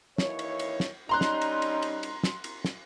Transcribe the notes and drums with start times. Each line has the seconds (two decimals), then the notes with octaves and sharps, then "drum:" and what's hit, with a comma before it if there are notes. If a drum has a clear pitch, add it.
0.18 D#2 E3 C#5, drum: snare
0.39 drum: cymbal
0.59 drum: cymbal
0.80 drum: snare
1.09 G3 C#4 D#4 A#5 C6 F#6
1.21 drum: snare
1.41 drum: cymbal
1.62 drum: cymbal
1.82 drum: cymbal
2.03 drum: cymbal
2.23 drum: snare
2.44 drum: cymbal
2.65 drum: snare